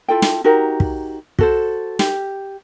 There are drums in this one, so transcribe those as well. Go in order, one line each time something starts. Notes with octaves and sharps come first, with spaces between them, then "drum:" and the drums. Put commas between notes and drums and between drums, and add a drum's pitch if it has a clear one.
E4 F4 A4 G5
drum: snare
D#4 F#4 G4 A#4
drum: kick
F#4 A4 C5, drum: kick
G4, drum: snare